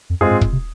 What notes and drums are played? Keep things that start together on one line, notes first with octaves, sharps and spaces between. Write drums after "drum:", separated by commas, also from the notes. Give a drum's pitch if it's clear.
F2
F#2 G#3 C4 F4 G#4
G#2
G#2, drum: kick
C3